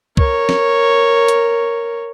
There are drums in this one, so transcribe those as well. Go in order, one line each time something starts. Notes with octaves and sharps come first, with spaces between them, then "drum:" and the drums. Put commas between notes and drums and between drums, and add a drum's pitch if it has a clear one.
A#4 C#5, drum: kick C2
drum: snare
drum: hi-hat